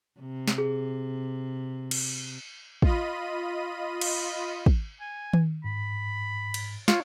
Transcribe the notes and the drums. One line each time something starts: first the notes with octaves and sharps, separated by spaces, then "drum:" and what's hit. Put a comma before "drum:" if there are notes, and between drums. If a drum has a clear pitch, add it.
C3
drum: snare
G#4
drum: cymbal
F4 D#5 B5 D#7, drum: kick
drum: cymbal
drum: kick
G#5
drum: tom D#3
G#2 B5
drum: cymbal
F4 C#5, drum: snare